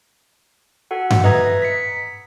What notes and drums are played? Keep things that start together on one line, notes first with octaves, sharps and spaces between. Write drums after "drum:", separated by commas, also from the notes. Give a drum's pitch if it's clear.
F#4 A4 F#5
drum: tom G2
B4 D#5 E5 A#5 D#6 G#6
B6 C#7